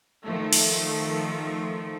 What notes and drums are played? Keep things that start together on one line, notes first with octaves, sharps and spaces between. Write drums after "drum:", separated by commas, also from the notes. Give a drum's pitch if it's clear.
D#3 F3 A3
drum: open hi-hat